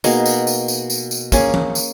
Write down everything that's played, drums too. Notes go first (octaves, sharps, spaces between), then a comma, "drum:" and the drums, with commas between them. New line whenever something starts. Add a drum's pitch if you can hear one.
B2 A#3 D#4 G#4, drum: tambourine
drum: tambourine
drum: tambourine
drum: tambourine
drum: tambourine
drum: tambourine
A#3 C#4 G#4, drum: kick, tambourine
drum: tom E3
drum: tambourine